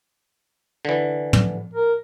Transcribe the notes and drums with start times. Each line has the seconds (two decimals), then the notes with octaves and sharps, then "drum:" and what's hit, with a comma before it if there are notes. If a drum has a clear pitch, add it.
0.85 D3 E3
1.33 drum: tom
1.73 A#4